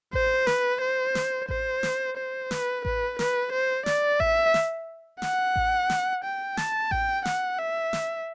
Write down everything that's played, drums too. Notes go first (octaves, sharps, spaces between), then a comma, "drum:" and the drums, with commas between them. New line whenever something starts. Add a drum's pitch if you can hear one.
C5, drum: kick A1
B4, drum: snare
C5
drum: snare
C5, drum: kick A1
drum: snare
C5
B4, drum: snare
B4, drum: kick A1
B4, drum: snare
C5
D5, drum: snare
E5, drum: kick A1
drum: snare
F#5, drum: snare
drum: kick A1
drum: snare
G5
A5, drum: snare
G5, drum: kick A1
F#5, drum: snare
E5
drum: snare